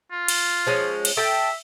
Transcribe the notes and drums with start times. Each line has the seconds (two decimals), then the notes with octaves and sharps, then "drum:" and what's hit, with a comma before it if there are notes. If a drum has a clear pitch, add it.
0.12 F4
0.28 drum: cymbal
0.67 F3 G#3 C#4
1.05 drum: cymbal
1.17 A4 E5 G5 A5